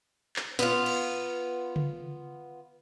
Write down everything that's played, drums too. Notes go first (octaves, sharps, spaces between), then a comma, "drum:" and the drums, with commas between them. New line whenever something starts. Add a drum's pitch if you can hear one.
drum: clap
B3 F4, drum: snare
drum: cymbal
drum: tom C#3